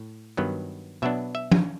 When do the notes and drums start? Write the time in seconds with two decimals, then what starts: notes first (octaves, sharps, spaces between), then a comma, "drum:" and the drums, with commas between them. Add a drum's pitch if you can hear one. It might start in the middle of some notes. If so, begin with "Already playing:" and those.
Already playing: A2
0.37 G2 D#3 F#3 B3
1.02 B2 F#3 B3 D4 E5
1.35 E5
1.52 drum: tom